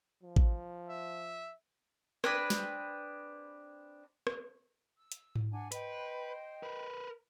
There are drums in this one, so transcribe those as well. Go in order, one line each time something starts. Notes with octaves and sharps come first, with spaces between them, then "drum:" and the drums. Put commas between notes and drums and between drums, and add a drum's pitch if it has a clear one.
F3
drum: kick A1
E5
C4 D4 G#4 B4, drum: rim click
drum: snare
drum: rim click
E6
drum: hi-hat
drum: tom G#2
D4 F#5 G#5
B4 C5 D#5 G5, drum: hi-hat
A#4 B4